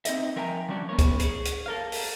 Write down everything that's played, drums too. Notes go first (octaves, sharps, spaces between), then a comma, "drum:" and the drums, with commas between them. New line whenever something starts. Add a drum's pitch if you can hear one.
C4 D#4 D#5 E5, drum: hi-hat
F3 A#4 E5 G5 G#5 A#5
F3 G3 C#4 D4 F#4
B3 C#4 A#4 C#5
drum: kick, hi-hat
G#4 C#5, drum: hi-hat
drum: hi-hat
A4 A#4 F5
drum: open hi-hat